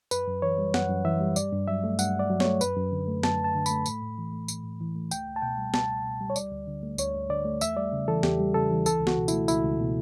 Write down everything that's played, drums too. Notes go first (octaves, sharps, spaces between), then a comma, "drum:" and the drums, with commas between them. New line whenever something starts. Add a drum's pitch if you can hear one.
F#2 B4, drum: tambourine
F#2
E3 C#5
G3
F#2 F#5, drum: snare
F#2
E3 E5
G3
G2 D5, drum: tambourine
G2
F#3 E5
A3
G2 F#5, drum: tambourine
G2 D5
F#3
C#5, drum: snare
A3
F#2 B4, drum: tambourine
F#2
D3
A3
F#2 A5, drum: snare
F#2 A5
D3
A3 B5, drum: tambourine
A2, drum: tambourine
A2
E3
A3
A2, drum: tambourine
A2
E3
A3
C#2 G5, drum: tambourine
C#2
A5
B2 G5
G3
C#2 A5, drum: snare
C#2
B2
G3
C#5
D2 D5, drum: tambourine
D2
D3
A3
D2 C#5, drum: tambourine
D2
D3 D5
A3
E2 E5, drum: tambourine
G3 D5
C#3
E3 A4
E2 G4, drum: snare
G3
C#3 A4
E3
C#2 A4, drum: tambourine
C#2
F#4, drum: snare
B2
A3 E4, drum: tambourine
C#2 E4, drum: tambourine
C#2
B2